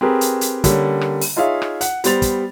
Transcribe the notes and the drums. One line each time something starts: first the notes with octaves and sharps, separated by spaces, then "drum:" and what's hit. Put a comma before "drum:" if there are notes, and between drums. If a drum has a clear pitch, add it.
C4 G4 G#4 A#4 B4
drum: hi-hat
drum: hi-hat
D3 G3 A#3 C#4, drum: kick, hi-hat
drum: rim click
drum: open hi-hat
D#4 F4 G#4 C#5 E5 F5
drum: rim click
F#5, drum: hi-hat
G3 B3 C5 A6 F7, drum: hi-hat
drum: kick, hi-hat